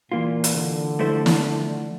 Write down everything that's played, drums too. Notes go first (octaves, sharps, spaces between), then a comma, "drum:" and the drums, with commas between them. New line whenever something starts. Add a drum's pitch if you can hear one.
A#2 E3 A#3 F4
drum: hi-hat
D3
F3 A3 E4 A4 C5
drum: snare